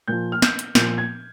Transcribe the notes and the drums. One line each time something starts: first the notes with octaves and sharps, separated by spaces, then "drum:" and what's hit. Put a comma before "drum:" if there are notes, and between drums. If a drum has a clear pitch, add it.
A#2 F3 G6
F6
G6, drum: snare
drum: hi-hat
A#2 F3 G6, drum: snare
G#6